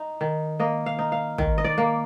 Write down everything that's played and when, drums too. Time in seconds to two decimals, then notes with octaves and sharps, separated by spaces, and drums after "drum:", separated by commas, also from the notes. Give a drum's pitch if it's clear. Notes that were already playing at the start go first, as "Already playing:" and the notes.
Already playing: D#4
0.21 D#3
0.60 A#3 D#5
0.86 F5
0.99 D#4
1.12 F5
1.38 D#3, drum: kick
1.58 D#5
1.65 D5
1.78 A#3